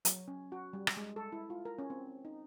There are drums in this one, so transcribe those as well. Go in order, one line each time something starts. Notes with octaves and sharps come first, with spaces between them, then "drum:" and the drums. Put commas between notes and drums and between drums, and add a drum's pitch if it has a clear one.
F#3, drum: hi-hat
C#4
F#4
G3
drum: rim click
G#3
A4
E4
F4
A#4
C#4
C4
D#4